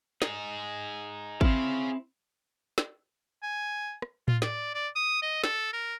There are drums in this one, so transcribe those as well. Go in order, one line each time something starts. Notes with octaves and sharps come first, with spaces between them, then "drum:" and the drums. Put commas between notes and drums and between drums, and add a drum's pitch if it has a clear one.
D#4 G#4, drum: snare
C4 E4 G#4 F5, drum: kick
drum: snare
G#5
drum: rim click
F4, drum: tom A2
D5, drum: snare
D5
D#6
D#5
A4, drum: snare
A#4